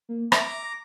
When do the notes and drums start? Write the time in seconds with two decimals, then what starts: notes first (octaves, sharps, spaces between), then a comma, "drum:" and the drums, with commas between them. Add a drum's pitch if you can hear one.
0.09 A#3
0.32 E5 A#5 D6, drum: rim click
0.63 A#6